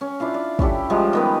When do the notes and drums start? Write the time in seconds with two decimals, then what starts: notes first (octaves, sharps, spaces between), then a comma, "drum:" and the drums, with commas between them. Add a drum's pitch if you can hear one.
0.01 C#4
0.20 D4 E4 F4 F5
0.34 D5
0.59 C#4 E4 G4 A4, drum: kick
0.90 F3 G3 G#3 F4
1.13 D#3 B3 B4